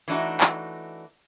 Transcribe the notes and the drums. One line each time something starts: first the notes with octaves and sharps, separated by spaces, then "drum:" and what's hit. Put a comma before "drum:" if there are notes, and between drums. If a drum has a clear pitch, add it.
E3 A3 D4 D#4 F#4
drum: clap